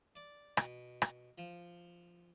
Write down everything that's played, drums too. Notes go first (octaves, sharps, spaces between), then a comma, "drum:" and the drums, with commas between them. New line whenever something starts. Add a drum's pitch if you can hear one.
D5
B2, drum: rim click
drum: rim click
F3